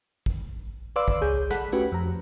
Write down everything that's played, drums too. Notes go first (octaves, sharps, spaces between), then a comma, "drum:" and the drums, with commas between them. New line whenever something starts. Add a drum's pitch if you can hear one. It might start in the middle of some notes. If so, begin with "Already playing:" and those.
drum: kick
B4 D5 F5 C6 D6 E6
drum: kick
C#2 G#4 C#5 G6
A4 F#5 B5 F#6 B6, drum: snare
A3 C#4 F#4 G4 B4
F2 A#5